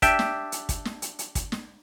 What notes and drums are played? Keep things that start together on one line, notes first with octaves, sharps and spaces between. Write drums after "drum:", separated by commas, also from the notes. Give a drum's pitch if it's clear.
D4 G4 E5 G5, drum: kick, hi-hat
drum: snare
drum: hi-hat
drum: kick, hi-hat
drum: snare
drum: hi-hat
drum: hi-hat
drum: kick, hi-hat
drum: snare